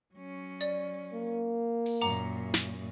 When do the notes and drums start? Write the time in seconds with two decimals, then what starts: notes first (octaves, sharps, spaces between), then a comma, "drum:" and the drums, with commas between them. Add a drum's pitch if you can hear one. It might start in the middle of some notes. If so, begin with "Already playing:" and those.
0.14 F#3 C#4
0.61 D5, drum: hi-hat
1.13 A#3
1.86 drum: open hi-hat
2.01 F#2 A#2 F#5 A#5 D6
2.54 drum: snare